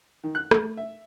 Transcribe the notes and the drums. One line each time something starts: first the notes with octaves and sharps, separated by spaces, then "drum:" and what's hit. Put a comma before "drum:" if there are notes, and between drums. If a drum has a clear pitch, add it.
D#3
F#6
A3, drum: rim click
E5